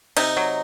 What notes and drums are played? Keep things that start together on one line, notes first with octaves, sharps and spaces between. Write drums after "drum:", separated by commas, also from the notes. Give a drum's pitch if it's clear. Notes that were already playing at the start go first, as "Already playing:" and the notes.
C3 D#4, drum: cymbal
F#3